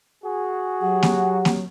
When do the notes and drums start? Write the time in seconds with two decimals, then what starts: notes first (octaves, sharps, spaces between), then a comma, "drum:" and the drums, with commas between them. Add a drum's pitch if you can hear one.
0.24 F#4 G#4
0.81 F#3 G4 F#5
1.03 drum: snare A#3
1.45 drum: snare A#3